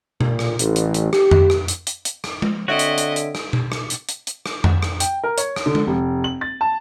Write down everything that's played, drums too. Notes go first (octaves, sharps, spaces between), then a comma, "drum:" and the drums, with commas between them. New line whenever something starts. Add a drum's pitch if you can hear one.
A#2, drum: tom B2
drum: rim click
A1, drum: hi-hat
drum: hi-hat
drum: hi-hat
G4, drum: rim click
drum: tom F2
drum: rim click
drum: hi-hat
drum: hi-hat
drum: hi-hat
drum: rim click
drum: tom G#3
D3 C4 F#4 C#5 D#5 E5 D7
drum: hi-hat
drum: hi-hat
drum: hi-hat
drum: rim click
drum: tom B2
drum: rim click
drum: hi-hat
drum: hi-hat
drum: hi-hat
drum: rim click
drum: tom F2
drum: rim click
G5, drum: hi-hat
A#4
C#5, drum: hi-hat
drum: rim click
D3
drum: tom G#3
F1
F#7
A6
A5